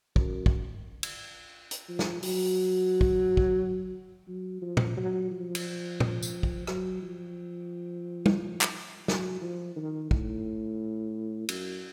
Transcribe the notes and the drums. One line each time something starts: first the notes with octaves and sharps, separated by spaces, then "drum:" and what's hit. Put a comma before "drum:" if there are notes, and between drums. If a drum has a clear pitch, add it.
F#2, drum: kick
drum: kick
drum: cymbal
drum: hi-hat
F3
drum: snare
F#3, drum: open hi-hat
drum: kick
drum: kick
F#3
F3
drum: tom
F#3
F3
drum: cymbal
drum: tom
drum: tambourine
drum: kick
F#3, drum: rim click
F3
drum: tom
drum: clap
F#3, drum: snare
F3
D#3
A2, drum: kick
F#2, drum: cymbal